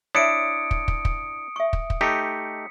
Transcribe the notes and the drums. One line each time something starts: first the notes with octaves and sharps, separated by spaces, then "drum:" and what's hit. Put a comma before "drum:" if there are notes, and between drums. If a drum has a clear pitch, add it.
D4 E4 C#5 E5 D#6 C#7 D7
drum: kick
drum: kick
drum: kick
E5 C#6
drum: kick
drum: kick
A3 D#4 G4 B6 C#7